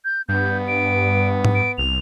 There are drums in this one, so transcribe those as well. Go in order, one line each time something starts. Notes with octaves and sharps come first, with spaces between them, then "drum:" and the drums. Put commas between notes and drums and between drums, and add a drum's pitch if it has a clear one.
G6
G2 B3 G6
D7
drum: tom G#2
D7
C2 F7